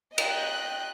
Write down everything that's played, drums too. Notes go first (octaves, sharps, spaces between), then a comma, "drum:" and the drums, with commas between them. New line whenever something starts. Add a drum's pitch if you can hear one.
D#5 G5 F#6, drum: cymbal